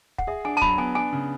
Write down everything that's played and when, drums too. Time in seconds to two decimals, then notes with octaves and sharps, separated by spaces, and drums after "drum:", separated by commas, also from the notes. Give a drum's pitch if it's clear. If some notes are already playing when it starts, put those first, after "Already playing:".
0.18 F#5, drum: kick
0.27 G#4 E5
0.45 D4 G#5
0.57 A5
0.62 F#3 B5, drum: kick
0.78 B3 G#5
0.95 D4 G#5
1.13 C#3